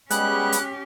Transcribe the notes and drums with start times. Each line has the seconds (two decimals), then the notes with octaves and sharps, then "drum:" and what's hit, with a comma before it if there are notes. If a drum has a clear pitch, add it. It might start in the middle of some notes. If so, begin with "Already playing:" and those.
0.10 G3 G#3 B3 C#4 G4 G#4 F#6, drum: hi-hat
0.52 drum: hi-hat